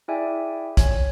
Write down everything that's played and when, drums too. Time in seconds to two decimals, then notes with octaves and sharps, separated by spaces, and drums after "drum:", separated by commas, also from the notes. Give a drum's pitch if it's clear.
0.08 E4 G#4 D5 E5 G5 G#5
0.77 C#5 G#5, drum: kick, hi-hat